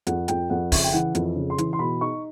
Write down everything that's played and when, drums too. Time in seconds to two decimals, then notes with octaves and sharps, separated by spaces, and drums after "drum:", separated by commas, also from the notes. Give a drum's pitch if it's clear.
0.07 F2 F#5, drum: hi-hat
0.28 F2 G5, drum: hi-hat
0.50 F2 F#5
0.72 C#3 E5, drum: kick, open hi-hat
0.84 G5
0.93 E3 F#5
1.15 F2, drum: hi-hat
1.36 C#3
1.50 C6
1.58 E3, drum: hi-hat
1.73 C6
1.79 B2 B5
2.01 D#4 C#6